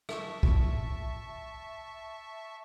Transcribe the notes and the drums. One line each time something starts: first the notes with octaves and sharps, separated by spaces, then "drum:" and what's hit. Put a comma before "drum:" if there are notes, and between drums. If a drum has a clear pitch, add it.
E5 A5 C#6, drum: rim click
drum: kick